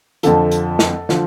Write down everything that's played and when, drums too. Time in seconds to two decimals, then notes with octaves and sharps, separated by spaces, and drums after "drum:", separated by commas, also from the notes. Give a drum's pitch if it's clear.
0.23 F2 D3 F3 A4, drum: hi-hat
0.51 drum: hi-hat
0.79 drum: snare
1.09 D3 F3, drum: snare